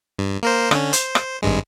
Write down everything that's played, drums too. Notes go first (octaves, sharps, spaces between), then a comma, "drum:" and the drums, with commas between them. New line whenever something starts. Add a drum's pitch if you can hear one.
G2
A#3 A#4 C5
D3 C#4, drum: rim click
C5, drum: hi-hat
drum: rim click
G#1 G2 G#3